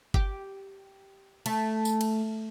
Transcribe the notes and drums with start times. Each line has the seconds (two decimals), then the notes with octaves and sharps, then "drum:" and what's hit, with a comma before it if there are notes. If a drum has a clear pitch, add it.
0.14 G4, drum: kick
1.46 A3, drum: cymbal
1.85 drum: tambourine
2.01 drum: cymbal